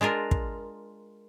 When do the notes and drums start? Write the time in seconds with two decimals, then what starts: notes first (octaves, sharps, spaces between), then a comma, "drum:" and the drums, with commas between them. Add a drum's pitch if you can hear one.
0.01 G#3 D4 F4 A#4
0.31 drum: kick